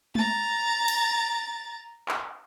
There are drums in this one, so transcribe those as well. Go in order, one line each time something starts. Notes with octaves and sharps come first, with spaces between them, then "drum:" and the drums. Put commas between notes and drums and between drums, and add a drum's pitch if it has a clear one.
A#5 A6, drum: tom G#3
drum: cymbal
drum: clap